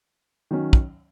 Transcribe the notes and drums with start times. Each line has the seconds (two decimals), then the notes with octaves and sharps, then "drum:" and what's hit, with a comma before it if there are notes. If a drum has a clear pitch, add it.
0.51 D#3 F#3 C#4
0.73 drum: kick